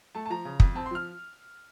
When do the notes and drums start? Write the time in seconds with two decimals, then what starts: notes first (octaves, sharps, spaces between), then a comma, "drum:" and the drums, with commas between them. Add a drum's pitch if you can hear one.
0.15 A3 A5
0.26 A5
0.30 F3 A#5
0.45 C#3
0.60 F2, drum: kick
0.75 C4 A5
0.86 C6
0.91 F3 F6